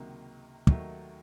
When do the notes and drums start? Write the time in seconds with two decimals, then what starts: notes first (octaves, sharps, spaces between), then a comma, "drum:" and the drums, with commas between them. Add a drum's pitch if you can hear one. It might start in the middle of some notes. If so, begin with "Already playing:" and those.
Already playing: C#2 C3 D#3 F#3 A#3
0.67 D#2 D#3 F#3 A3, drum: kick